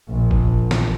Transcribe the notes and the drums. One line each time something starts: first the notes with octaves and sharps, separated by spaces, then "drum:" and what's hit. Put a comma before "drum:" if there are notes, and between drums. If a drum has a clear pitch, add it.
A#1
drum: kick G1
drum: snare